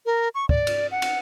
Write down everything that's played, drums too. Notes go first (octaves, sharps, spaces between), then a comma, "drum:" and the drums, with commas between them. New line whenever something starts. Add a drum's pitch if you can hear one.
A#4
C#6
D5, drum: kick
drum: cymbal
F#5
drum: cymbal